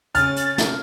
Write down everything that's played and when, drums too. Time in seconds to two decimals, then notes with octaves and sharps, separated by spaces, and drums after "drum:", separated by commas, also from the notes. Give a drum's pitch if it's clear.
0.15 C#3 C#4 F6 A6, drum: hi-hat
0.36 drum: hi-hat
0.58 drum: snare